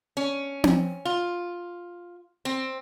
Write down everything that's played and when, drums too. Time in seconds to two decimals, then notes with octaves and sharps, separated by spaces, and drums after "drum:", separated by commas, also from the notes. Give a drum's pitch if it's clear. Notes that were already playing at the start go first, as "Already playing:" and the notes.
0.17 C#4
0.64 drum: tom C4
1.05 F4
2.45 C4